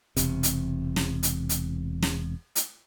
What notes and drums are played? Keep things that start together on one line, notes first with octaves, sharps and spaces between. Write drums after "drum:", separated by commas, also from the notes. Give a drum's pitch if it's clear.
E1 C3, drum: hi-hat
drum: hi-hat
drum: snare
drum: hi-hat
drum: hi-hat
drum: snare
drum: hi-hat